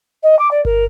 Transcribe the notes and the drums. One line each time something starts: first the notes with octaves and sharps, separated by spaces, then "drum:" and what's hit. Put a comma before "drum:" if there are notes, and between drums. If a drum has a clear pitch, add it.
D#5
D6
D5
A#4, drum: kick G1